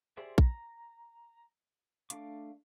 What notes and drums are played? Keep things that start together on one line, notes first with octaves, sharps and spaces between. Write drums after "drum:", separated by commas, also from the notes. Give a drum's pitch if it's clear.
G4 G#4 C5 D5 E5
A#5, drum: kick
A3 D4 F5 D6, drum: hi-hat